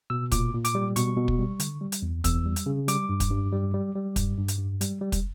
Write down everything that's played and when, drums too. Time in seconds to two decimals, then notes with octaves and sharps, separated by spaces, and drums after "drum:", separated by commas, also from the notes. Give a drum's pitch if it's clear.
0.10 B2 E6
0.31 A#2 D6, drum: kick, hi-hat
0.54 A#2
0.65 D6, drum: hi-hat
0.75 G3
0.96 B2 C#6, drum: hi-hat
1.17 B2
1.28 drum: kick
1.39 G3
1.60 D3, drum: hi-hat
1.81 G3
1.92 drum: hi-hat
2.02 E2
2.24 E2 E6, drum: kick, hi-hat
2.46 G3
2.56 drum: hi-hat
2.66 C#3
2.88 G3 D6, drum: hi-hat
3.09 G2
3.20 drum: kick, hi-hat
3.30 G2
3.52 G3
3.74 G3
3.95 G3
4.16 G2, drum: kick, hi-hat
4.38 G2
4.48 drum: hi-hat
4.58 G2
4.81 G3, drum: hi-hat
5.01 G3
5.12 drum: kick, hi-hat